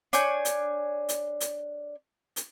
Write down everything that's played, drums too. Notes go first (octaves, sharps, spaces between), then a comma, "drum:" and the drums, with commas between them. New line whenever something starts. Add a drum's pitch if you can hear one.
D4 C#5 G#5 G6, drum: hi-hat
drum: hi-hat
drum: hi-hat
drum: hi-hat
drum: hi-hat